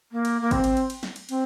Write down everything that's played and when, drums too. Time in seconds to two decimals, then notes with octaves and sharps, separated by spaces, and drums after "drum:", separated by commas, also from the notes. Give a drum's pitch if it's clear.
0.12 A#3
0.25 drum: cymbal
0.41 A#3
0.51 C4, drum: kick, cymbal
0.64 drum: cymbal
0.77 drum: cymbal
0.90 drum: cymbal
1.03 drum: snare
1.16 drum: cymbal
1.29 C4, drum: cymbal